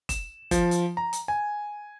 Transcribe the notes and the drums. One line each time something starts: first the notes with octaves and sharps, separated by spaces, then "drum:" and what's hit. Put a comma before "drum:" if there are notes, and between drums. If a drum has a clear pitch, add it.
E7, drum: kick, hi-hat
F3, drum: kick, hi-hat
drum: hi-hat
A#5
drum: hi-hat
G#5